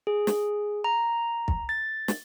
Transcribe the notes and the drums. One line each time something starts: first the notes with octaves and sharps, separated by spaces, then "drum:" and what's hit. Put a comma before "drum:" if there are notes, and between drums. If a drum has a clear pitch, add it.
G#4
drum: snare
A#5
drum: kick
A6
drum: snare